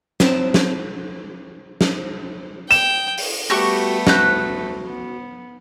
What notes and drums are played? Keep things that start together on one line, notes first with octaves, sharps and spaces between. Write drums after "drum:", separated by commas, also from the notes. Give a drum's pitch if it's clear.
F#3 C4 E4 A5, drum: snare
drum: snare
drum: snare
G5 E7, drum: hi-hat
drum: open hi-hat
G3 A3 B3 F#4 G4 C#6
F#4 F#6 G6, drum: snare
B3